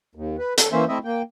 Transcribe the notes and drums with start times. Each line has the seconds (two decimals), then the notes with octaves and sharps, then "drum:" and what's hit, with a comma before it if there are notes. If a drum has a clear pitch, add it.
0.15 D#2
0.39 B4
0.58 A4, drum: hi-hat
0.72 E3 A#3 C#4 C5 E5
0.88 A3 C4 E4 D#5 E5
1.04 A#3 G5